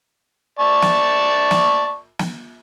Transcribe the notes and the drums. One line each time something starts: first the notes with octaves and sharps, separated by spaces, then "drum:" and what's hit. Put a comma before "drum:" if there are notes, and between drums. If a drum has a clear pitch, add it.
D5 A5 C#6
drum: snare
drum: snare
drum: snare